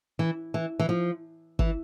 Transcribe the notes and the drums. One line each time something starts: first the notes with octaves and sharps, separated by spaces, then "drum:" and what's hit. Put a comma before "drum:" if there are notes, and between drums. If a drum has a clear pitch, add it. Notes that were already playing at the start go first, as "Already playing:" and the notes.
E3
E3
E3
F3
E3, drum: kick G1